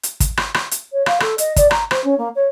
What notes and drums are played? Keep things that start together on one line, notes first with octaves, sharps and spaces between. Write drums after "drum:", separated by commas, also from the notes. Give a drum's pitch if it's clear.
drum: hi-hat
drum: kick, hi-hat
drum: rim click
drum: rim click
drum: hi-hat
C#5
F5, drum: rim click
A4, drum: rim click
D#5, drum: hi-hat
D5, drum: kick, hi-hat
A#5, drum: rim click
C5, drum: rim click
C#4
A#3
C#5